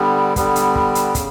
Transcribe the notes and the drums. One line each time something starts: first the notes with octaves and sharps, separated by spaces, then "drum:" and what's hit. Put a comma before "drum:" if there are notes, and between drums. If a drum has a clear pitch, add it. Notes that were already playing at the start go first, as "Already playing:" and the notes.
Already playing: D3 G3 B3
D3 G3 B3, drum: kick, hi-hat
drum: hi-hat
drum: kick
drum: hi-hat
C#3, drum: kick, hi-hat